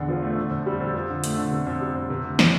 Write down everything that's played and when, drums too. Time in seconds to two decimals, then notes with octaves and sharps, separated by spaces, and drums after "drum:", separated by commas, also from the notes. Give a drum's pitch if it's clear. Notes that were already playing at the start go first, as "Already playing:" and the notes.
Already playing: E2 D3
0.09 F3
0.23 A3
0.37 D3
0.51 F2
0.66 G3
0.80 F2
0.94 F3
1.09 D3
1.24 A3, drum: hi-hat
1.37 D3
1.51 C3
1.67 F2
1.81 G3
1.95 F2
2.10 C3
2.24 D2
2.39 E3, drum: snare